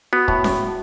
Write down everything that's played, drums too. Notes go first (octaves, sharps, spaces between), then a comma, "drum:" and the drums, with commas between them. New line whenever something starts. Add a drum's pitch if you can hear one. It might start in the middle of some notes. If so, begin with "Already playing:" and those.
B3 F#4
A2, drum: kick
drum: snare C#4